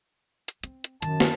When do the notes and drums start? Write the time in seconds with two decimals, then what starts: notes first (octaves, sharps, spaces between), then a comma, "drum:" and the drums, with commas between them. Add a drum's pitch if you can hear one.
0.48 drum: hi-hat
0.64 C4, drum: hi-hat
0.84 drum: hi-hat
1.02 F#2 D#3 A5, drum: hi-hat
1.20 drum: snare